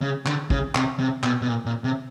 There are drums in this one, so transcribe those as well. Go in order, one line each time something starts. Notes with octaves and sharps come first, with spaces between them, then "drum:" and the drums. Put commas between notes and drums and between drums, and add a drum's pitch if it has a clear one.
C#3
D3, drum: clap
C#3, drum: kick
C3, drum: clap
C3
B2, drum: clap
B2
A#2
A#2
C3